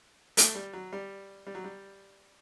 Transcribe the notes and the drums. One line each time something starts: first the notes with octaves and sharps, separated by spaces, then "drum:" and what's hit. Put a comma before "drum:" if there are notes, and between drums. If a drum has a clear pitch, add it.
A3, drum: hi-hat
G3
F#3
G3
G3
F#3
G3